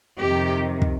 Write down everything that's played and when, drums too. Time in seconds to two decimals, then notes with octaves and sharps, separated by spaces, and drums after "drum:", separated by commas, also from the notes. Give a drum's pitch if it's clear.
0.18 F2 C3 D#3 G4
0.82 drum: kick